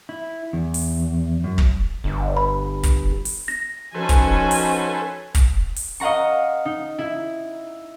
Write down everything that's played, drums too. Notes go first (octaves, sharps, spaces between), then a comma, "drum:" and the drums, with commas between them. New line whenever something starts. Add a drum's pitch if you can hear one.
E4
E2
drum: open hi-hat
F#2
drum: kick
G1
B5
drum: kick, hi-hat
drum: open hi-hat
A#6
F3 C#4 D#4 F#4 A4 B4 C5 G#5
drum: kick, hi-hat
drum: open hi-hat
drum: kick, hi-hat
drum: open hi-hat
D#5 F5 F#5 A#5 C#6
D#4
E4